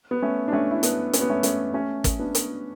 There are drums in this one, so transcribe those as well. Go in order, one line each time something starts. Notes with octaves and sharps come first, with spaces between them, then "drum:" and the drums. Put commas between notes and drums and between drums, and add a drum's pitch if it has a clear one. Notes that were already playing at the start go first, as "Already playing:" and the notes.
B3
A3 C#4
D4
A3 C#4
E4
B3 D4, drum: hi-hat
C#4, drum: hi-hat
B3
A3 C#4
A3 C#4, drum: hi-hat
A3 C#4
drum: kick, hi-hat
B3 D4
drum: hi-hat